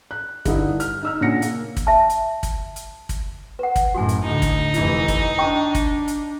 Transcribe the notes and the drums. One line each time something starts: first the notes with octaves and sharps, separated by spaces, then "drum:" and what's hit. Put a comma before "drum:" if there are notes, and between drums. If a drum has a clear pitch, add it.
F#6
G2 D3 D#4 E4, drum: kick, hi-hat
F6, drum: hi-hat
D#4 E6 F6
A#2 C#3 D4 F#5 A#6 C#7
A#3, drum: hi-hat
drum: kick, hi-hat
E5 A5
drum: hi-hat
drum: kick, hi-hat
drum: hi-hat
drum: kick, hi-hat
B4 F#5
drum: kick, hi-hat
F#2 A2 F#4 G#5
drum: hi-hat
D2 A2 D#4
drum: kick, hi-hat
F1 E3 E4, drum: hi-hat
drum: kick, hi-hat
D4 G5 C#6
drum: kick, hi-hat
drum: hi-hat